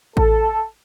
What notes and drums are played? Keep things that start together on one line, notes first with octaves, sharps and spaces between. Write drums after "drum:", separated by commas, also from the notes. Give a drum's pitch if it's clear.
A4, drum: kick A1